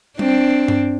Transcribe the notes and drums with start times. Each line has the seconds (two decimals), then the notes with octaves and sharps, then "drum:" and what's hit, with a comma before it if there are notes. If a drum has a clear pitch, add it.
0.19 C4 D4, drum: tom G3
0.68 drum: tom G2